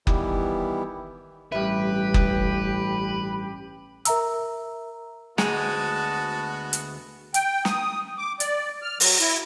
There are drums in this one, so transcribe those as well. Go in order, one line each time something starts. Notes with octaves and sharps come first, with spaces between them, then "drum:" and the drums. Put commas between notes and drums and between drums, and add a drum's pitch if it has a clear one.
D#3 E3 G3 B3 E4 G4, drum: kick F#1
A1 G2 G4 B4 E5
drum: kick F#1
A#4 E5 A#5 E6, drum: hi-hat
D2 G#3 B3 F#4 A5, drum: snare
drum: hi-hat
G5, drum: hi-hat
D#6, drum: snare
D6
D5, drum: hi-hat
F6
F#3, drum: open hi-hat
E4